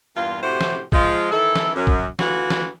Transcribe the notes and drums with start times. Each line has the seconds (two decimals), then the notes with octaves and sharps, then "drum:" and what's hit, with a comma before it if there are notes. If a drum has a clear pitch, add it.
0.16 E2 G2 A#3 F4
0.43 A2 C3 E4 F#4 G4 C5
0.61 drum: snare
0.92 F3 G#3 F4, drum: kick
1.31 D#3 E3 E4 A4
1.55 drum: snare
1.75 F#2
1.87 drum: kick
2.19 D2 E3 F4 F#4, drum: snare
2.50 drum: snare